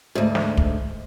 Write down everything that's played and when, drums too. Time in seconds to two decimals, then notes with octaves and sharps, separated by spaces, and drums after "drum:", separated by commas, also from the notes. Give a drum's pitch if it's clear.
0.15 D2 G#2
0.35 drum: snare
0.57 drum: kick